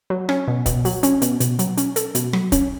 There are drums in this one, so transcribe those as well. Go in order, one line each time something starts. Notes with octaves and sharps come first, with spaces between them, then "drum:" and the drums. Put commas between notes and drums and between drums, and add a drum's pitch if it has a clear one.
F#3
C#4, drum: rim click
B2
B2, drum: kick, hi-hat
F#3, drum: open hi-hat
C#4, drum: hi-hat
B2, drum: hi-hat
B2, drum: hi-hat
F#3, drum: hi-hat
C#4, drum: hi-hat
A4, drum: hi-hat
B2, drum: hi-hat
F#3, drum: rim click
C#4, drum: kick, hi-hat